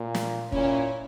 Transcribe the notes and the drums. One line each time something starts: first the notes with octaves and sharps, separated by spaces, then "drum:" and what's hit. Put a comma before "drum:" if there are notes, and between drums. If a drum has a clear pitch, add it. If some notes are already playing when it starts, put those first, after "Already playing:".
Already playing: A#2
drum: snare
A#2 C#4 E4, drum: kick